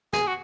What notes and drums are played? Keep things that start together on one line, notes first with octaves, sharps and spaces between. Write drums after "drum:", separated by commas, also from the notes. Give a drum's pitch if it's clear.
G#4, drum: snare
F#4